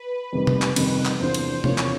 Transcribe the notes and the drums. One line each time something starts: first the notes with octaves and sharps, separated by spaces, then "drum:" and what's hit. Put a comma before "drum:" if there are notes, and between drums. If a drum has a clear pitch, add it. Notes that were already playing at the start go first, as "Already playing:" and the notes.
Already playing: B4
F2 C3 D#3 G3
drum: tom
drum: clap
F2 C3 D#3 G3, drum: cymbal
drum: clap
E2 C3 F3 A#3 D4 C5
drum: cymbal
E2 C3 F3 A#3 D4 C#5, drum: tom
drum: clap